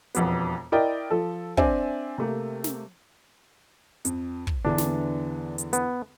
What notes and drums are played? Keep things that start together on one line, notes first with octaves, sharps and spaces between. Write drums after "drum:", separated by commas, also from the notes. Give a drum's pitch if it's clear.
E1 F2 B3, drum: hi-hat
E4 A#4 D5 D#5 G5
F3 A4
C4 D4 E5 G#5, drum: kick
C3 A3 A#3
drum: snare
F2, drum: hi-hat
drum: kick
E2 D3 E3 D4
drum: snare
drum: hi-hat
B3, drum: hi-hat